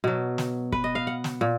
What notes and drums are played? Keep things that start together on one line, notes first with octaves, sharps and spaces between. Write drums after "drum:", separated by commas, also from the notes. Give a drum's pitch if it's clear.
B2 F#3
drum: snare
B4, drum: kick
D#5
F5
F#5
drum: snare
A#2